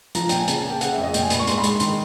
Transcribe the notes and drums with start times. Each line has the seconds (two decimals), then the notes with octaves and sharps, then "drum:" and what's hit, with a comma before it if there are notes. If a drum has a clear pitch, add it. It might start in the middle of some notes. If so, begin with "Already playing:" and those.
0.15 F3 A#5, drum: hi-hat
0.29 A#2 G5, drum: hi-hat
0.39 G#5
0.48 C#3 A5, drum: hi-hat
0.59 A5
0.64 A#3
0.70 G5
0.81 C#3 F#5, drum: hi-hat
0.92 E5
0.98 F2
1.03 D#5
1.14 A#2 G5, drum: hi-hat
1.23 G#5
1.30 A#2 B5, drum: hi-hat
1.39 C#6
1.47 G#2 C6, drum: hi-hat
1.58 B5
1.64 G#3, drum: hi-hat
1.69 C6
1.80 D#3 C6, drum: hi-hat